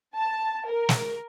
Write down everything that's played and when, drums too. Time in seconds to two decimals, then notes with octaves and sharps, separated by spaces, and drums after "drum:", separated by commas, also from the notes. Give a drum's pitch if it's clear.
0.16 A5
0.68 A#4
0.89 drum: snare